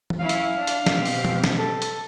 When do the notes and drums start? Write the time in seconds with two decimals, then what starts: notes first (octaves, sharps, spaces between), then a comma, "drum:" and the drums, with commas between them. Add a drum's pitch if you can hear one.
0.10 drum: tom E3
0.19 F#3 C#4 E4 F5
0.29 drum: hi-hat
0.55 D4
0.67 drum: hi-hat
0.86 B2 C4 G4, drum: snare
1.06 drum: open hi-hat
1.25 drum: tom
1.44 drum: snare
1.59 A4
1.82 drum: hi-hat